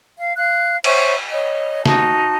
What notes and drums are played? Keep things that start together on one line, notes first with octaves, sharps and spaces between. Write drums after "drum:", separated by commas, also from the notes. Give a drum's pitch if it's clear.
F5
F5 F#6
C5 C#5 E5 C#6, drum: cymbal
C#5 D#5
D#4 F#4 A5, drum: snare